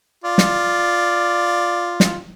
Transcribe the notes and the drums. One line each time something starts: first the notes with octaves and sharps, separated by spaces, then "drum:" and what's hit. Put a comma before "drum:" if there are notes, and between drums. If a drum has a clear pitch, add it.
F4 D5
drum: snare
drum: snare